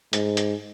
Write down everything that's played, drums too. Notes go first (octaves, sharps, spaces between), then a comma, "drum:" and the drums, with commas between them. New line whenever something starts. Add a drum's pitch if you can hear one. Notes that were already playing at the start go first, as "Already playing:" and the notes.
G#2, drum: hi-hat
drum: hi-hat